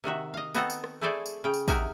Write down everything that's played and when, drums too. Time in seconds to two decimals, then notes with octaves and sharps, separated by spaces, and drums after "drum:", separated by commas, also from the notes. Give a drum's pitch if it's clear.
0.04 C3 D#3 F#4 E5
0.34 D#5 F5
0.54 B3 C4 D#4 F#4 A4 D#5, drum: tambourine
0.70 drum: tambourine
0.84 drum: rim click
1.01 A3 E4 G#4 A4 C5 D5
1.26 drum: tambourine
1.44 C#3 G5
1.54 drum: tambourine
1.68 C3 D#4 F#4 A#4 E5 G#5, drum: kick, tambourine